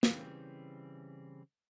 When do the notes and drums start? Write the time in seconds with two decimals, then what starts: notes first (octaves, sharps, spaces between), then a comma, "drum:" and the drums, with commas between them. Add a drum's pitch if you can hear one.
0.03 C#3 E3 G3 C4, drum: snare